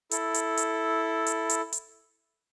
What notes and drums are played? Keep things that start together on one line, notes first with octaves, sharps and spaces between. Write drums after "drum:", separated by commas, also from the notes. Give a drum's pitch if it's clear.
E4 A4, drum: hi-hat
drum: hi-hat
drum: hi-hat
drum: hi-hat
drum: hi-hat
drum: hi-hat